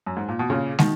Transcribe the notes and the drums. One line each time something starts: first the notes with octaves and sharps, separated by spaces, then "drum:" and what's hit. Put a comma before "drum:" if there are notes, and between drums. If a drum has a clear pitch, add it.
F#2
G#2
A#2
B2
A#2 C#3
B2 D#3, drum: snare